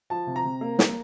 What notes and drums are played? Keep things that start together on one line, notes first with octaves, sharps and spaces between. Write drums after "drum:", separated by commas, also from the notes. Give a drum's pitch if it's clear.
F3 A5
C3
A#5
C3
A#3
A#3, drum: snare